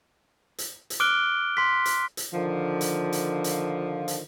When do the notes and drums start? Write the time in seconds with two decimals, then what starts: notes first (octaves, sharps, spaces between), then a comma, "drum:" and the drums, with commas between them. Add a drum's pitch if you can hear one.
0.58 drum: hi-hat
0.90 drum: hi-hat
1.00 D6 F6 F#6 D7 G7
1.57 C6 B6
1.85 drum: hi-hat
2.17 drum: hi-hat
2.33 D3 D#3 F3
2.81 drum: hi-hat
3.12 drum: hi-hat
3.44 drum: hi-hat
4.08 drum: hi-hat